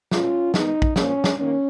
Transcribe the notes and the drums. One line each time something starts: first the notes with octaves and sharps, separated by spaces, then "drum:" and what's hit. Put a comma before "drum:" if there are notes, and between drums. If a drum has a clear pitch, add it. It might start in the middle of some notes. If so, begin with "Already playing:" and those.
B2 G#3 B3 C#4 F4, drum: snare
D#3 G#3 B3 D#4, drum: snare
drum: kick
A#2 F3 A#3 C#4, drum: snare
drum: snare
D#3 A#3 C#4